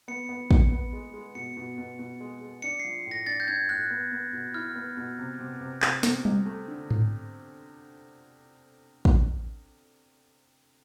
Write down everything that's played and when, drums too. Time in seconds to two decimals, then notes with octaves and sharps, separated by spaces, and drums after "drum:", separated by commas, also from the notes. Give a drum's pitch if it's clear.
0.08 B3 C#7
0.29 B3
0.51 B3, drum: kick
0.72 B3
0.93 G#3
1.14 G#3
1.35 B2 C#7
1.57 B2
1.78 B2
1.99 B2
2.20 G#3
2.41 G#3
2.62 D4 C#7
2.80 F3 C7
3.06 A2
3.11 A#6
3.27 D4 A6
3.40 G6
3.48 D4 G#6
3.69 A2 F#6
3.90 B3
4.12 B3
4.33 B2
4.54 E4 F6
4.76 B3
4.97 B2
5.19 C3
5.39 C3
5.61 C3
5.82 C3 D#6, drum: clap
6.03 C3, drum: snare
6.25 C3, drum: tom G3
6.46 A3
6.68 D3
6.91 drum: tom G#2
9.05 drum: kick